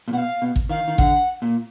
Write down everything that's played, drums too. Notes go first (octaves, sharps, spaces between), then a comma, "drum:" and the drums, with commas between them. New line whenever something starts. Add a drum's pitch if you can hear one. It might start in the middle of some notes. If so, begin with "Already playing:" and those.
A#2
B2 F#5
F5
B2
drum: kick
D#3 F5
D#3
D3 F#5, drum: kick
A#2